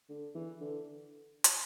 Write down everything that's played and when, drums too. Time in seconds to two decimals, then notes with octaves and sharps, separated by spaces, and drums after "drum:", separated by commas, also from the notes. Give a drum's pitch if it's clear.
0.09 D3
0.35 E3
0.61 D3
1.44 drum: hi-hat